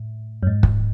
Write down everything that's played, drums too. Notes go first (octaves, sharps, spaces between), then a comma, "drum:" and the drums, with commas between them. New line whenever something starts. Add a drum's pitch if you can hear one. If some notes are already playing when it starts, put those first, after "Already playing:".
Already playing: A2
F#2
G#2
drum: kick